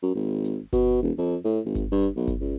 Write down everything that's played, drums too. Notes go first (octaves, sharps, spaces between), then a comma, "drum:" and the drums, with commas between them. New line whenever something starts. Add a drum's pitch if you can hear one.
F#2
G#1
drum: hi-hat
B2, drum: kick G1, hi-hat
E1
F2
A2
G#1
drum: kick G1, hi-hat
G2
drum: hi-hat
B1
drum: kick G1, hi-hat
C#2